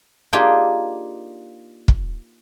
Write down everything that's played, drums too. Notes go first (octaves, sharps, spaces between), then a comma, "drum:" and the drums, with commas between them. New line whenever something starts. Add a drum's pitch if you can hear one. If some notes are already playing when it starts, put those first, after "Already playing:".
A#3 D4 D#4 F4 G4 G#4
drum: kick